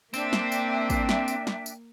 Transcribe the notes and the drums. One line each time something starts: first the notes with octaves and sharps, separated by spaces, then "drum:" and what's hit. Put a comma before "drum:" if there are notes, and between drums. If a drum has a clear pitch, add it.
A#3 C4 D4 E5 G5, drum: tambourine
drum: snare
drum: tambourine
drum: kick, tambourine
drum: snare
drum: tambourine
drum: snare
drum: tambourine